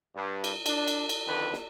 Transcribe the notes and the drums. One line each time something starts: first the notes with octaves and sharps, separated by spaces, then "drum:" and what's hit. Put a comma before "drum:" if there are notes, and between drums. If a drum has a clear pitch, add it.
G2
drum: cymbal
D4, drum: cymbal
drum: cymbal
drum: cymbal
F2 D3 D#3 B4
drum: snare